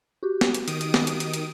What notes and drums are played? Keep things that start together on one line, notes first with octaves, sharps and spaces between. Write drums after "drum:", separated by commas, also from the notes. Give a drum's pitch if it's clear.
F#4 G4
drum: snare
drum: hi-hat
D#3 D#6 D7, drum: hi-hat
drum: hi-hat
drum: snare
drum: hi-hat
drum: hi-hat
drum: hi-hat